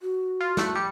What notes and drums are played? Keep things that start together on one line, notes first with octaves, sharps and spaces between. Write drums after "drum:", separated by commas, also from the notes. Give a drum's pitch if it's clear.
F#4
F4
A3 F#6 C#7, drum: snare
G3 C#7